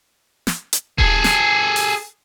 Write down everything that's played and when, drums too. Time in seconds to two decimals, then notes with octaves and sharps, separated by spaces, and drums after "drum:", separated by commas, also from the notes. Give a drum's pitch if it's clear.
0.47 drum: snare
0.73 drum: hi-hat
0.98 G#4 A4, drum: kick D#1
1.24 drum: snare
1.76 drum: open hi-hat